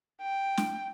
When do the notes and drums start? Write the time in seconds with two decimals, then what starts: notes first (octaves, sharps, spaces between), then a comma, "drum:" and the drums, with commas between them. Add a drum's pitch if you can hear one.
0.22 G5
0.57 drum: snare